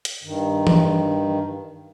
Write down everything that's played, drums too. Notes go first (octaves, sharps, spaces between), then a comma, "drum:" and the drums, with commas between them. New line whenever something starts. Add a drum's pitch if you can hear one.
drum: hi-hat
G2 D#3
drum: tom E3